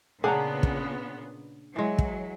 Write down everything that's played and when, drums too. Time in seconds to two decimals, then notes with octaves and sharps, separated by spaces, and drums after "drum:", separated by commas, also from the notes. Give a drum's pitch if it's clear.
0.24 A#2 C#3 B3 D4 G#4 F#5 G5 A#5
0.63 drum: kick
1.76 E3 F#3 G#3
1.98 drum: kick